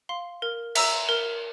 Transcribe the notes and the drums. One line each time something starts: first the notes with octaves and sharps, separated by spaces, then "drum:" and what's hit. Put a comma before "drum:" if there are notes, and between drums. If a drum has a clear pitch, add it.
F5 C6
A#4
E5 A#5 E6, drum: cymbal
A#4